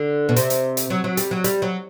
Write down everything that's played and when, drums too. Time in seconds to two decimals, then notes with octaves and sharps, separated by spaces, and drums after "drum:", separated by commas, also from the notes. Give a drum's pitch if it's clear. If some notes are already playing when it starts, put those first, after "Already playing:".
Already playing: D3
0.29 B2
0.36 C3, drum: hi-hat
0.50 drum: hi-hat
0.77 drum: hi-hat
0.90 F#3
1.04 F#3
1.17 G3, drum: hi-hat
1.31 F#3
1.44 G3, drum: hi-hat
1.62 F#3